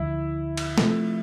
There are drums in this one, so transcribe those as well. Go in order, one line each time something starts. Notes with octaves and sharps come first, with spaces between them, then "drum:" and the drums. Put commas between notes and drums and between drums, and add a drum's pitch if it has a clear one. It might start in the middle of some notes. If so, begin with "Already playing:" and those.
Already playing: D2 D3 F3 E4
drum: cymbal
C3 F3 A3, drum: snare